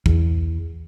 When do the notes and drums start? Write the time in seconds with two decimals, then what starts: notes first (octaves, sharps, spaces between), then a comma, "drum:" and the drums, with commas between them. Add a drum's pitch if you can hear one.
0.06 E2, drum: kick